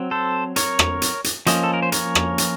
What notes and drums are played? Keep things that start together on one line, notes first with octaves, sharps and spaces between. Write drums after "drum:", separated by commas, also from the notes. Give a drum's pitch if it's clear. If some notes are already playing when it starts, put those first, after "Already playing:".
Already playing: F#3 C4
A4 C5
A#4 C#5, drum: hi-hat
drum: rim click
drum: hi-hat
drum: hi-hat
F3 A#3 C#4 C5 D#5, drum: hi-hat
A4
A#4
C5
A#4 C#5, drum: hi-hat
drum: rim click
drum: hi-hat